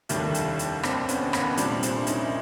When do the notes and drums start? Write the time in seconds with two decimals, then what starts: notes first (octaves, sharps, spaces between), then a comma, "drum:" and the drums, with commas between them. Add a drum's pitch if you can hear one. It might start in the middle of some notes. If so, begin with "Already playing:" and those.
0.09 F1 D#2 D#3 G3 D4 E4, drum: hi-hat
0.34 drum: hi-hat
0.59 drum: hi-hat
0.83 C4 D4, drum: rim click
1.09 B3 C#4, drum: hi-hat
1.33 B3 C#4, drum: rim click
1.57 C2 A#2 G3 C4 D4, drum: hi-hat
1.83 C4 D4, drum: hi-hat
2.02 E4
2.07 C#4 D#4, drum: hi-hat